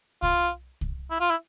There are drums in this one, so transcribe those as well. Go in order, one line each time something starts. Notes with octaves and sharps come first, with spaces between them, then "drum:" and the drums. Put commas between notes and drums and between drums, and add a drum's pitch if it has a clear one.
F4, drum: kick C2
drum: kick C2
E4
F4
E4